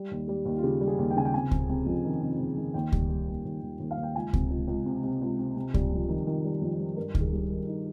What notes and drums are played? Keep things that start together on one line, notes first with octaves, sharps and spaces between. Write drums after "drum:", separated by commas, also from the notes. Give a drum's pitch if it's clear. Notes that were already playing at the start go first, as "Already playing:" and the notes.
Already playing: G3
D#2
G3 G4
D#2
F4
C#3 G4
G3
G#4
D#2
G5
C#3 G#5
G5
C3 G#5
C3, drum: kick C#2
C3
F2
D#3
C3
F2
D#3
D#2 G5
G3, drum: kick C#2
G3
D#2
D#2
D#2
D#2
F5
D#2
G5
C#2 G#5
C3, drum: kick C#2
C#2
C#2
C3
C3
C#2
C3
C3
G3, drum: kick C#2
F2
D#3
D#3
G3
F2
G3
G2 A#4
D#3, drum: kick C#2
G#4
G2 G4
D#3
D#4